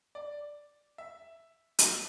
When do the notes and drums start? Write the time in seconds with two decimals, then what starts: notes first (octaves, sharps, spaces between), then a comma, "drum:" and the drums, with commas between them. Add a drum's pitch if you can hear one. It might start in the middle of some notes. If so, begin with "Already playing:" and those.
0.15 D5
0.98 E5
1.79 drum: hi-hat